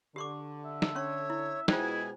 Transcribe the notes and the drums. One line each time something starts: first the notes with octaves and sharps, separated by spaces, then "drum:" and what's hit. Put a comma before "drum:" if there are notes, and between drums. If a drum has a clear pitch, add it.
D3 G4 C#6 D6
E5
drum: snare
C#4 C#5 C#6
E4
B2 G#3 E4 F4 G#4 C5 G5 G#5, drum: snare